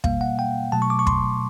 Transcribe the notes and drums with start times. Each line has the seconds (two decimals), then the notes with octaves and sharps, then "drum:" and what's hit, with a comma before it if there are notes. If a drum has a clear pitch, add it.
0.04 B2 G3 A#3 F5, drum: kick
0.21 F#5
0.39 G5
0.72 B2 F#3 A3 A5
0.82 C#6
0.90 D6
0.99 C#6
1.07 C6, drum: kick